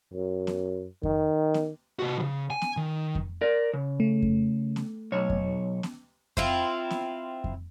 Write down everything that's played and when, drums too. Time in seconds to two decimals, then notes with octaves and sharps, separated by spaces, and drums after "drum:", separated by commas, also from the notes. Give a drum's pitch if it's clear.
0.13 F#2
0.47 drum: snare
1.03 D#3, drum: kick F2
1.54 drum: snare
1.99 C3 F#4
2.18 B1 C#3
2.50 G#5
2.62 drum: snare
2.77 D#3
3.15 drum: kick F2
3.41 A#4 D5
3.74 C#3
4.00 A3
4.22 drum: kick F2
4.76 drum: snare
5.12 B1 C#5
5.30 drum: kick F2
5.83 drum: snare
6.37 C4 E4 F4, drum: kick F2
6.90 drum: snare
7.44 drum: kick F2